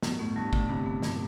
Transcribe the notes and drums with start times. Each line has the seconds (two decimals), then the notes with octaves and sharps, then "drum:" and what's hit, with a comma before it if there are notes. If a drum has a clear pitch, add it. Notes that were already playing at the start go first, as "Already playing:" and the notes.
0.03 G2 B2, drum: snare
0.19 A2 B3
0.36 G2 G3
0.53 A2 D3, drum: kick
0.69 G2 C3
0.86 B3
1.02 G2, drum: snare